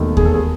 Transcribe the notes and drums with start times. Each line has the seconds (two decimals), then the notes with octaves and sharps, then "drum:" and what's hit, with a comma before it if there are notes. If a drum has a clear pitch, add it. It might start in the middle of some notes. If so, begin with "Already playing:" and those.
Already playing: E1 D#2 D#3 A3
0.17 G#4, drum: kick D#2
0.25 A4
0.34 G#4